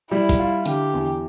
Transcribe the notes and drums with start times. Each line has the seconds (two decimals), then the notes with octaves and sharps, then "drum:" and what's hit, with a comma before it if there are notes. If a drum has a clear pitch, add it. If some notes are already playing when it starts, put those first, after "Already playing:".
0.11 G3 E4
0.29 drum: kick, hi-hat
0.39 F4
0.65 D3 G4, drum: hi-hat
0.94 E2